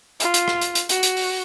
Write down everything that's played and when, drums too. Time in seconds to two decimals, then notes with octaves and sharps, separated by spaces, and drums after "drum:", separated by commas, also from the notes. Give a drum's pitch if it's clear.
0.20 F4, drum: hi-hat
0.34 drum: hi-hat
0.48 drum: rim click
0.61 drum: hi-hat
0.75 drum: hi-hat
0.89 F#4, drum: hi-hat
1.03 drum: hi-hat
1.17 drum: open hi-hat